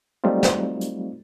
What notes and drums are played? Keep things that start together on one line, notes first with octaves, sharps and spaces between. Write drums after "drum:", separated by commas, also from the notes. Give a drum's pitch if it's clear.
F#3 G3 A3 C4 D#4 F4
drum: snare
drum: hi-hat